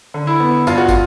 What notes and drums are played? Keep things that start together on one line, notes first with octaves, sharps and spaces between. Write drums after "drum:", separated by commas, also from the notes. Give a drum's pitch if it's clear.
D3
E4
B3
G2 F4, drum: tambourine
F#4
F4, drum: kick, tambourine